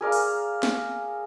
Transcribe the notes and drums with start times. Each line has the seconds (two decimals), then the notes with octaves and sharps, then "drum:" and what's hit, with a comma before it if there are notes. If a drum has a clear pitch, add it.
0.01 G#4 A#4 D5 F5
0.12 drum: open hi-hat
0.63 drum: snare